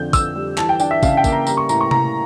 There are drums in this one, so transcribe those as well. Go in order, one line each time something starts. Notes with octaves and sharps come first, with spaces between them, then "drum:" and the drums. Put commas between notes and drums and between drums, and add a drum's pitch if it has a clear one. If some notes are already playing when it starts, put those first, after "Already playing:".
Already playing: F2 D3 G6
F2 E6, drum: kick, tambourine
G3
E3 A5, drum: clap
G5
D4 G5, drum: tambourine
E5
C#3 F5, drum: kick, tambourine
G5
A#3, drum: kick, tambourine
A#5
G3 A#5, drum: tambourine
C#6
A2 A#5, drum: tambourine
C#6
A2 A#5, drum: tom C3